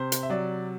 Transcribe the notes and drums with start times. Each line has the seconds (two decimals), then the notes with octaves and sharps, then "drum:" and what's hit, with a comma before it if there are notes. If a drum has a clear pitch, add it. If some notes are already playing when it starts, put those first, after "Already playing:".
Already playing: C3 C5
0.12 drum: hi-hat
0.23 E5
0.30 F#3 D5